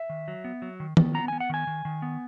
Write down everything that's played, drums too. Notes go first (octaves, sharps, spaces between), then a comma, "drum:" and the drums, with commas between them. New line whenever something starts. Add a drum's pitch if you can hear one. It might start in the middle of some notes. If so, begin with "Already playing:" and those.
Already playing: E5
D#3
F#3
B3
F#3
D#3
D#3, drum: tom
B3 A#5
B3 G#5
F#5
D#3 G#5
D#3
D#3
B3